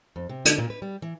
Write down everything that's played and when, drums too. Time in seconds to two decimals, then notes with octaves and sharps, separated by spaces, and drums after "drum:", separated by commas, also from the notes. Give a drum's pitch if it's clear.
0.16 F2
0.29 C3
0.45 D3, drum: hi-hat
0.58 A#2
0.70 B4
0.82 G3
1.02 E3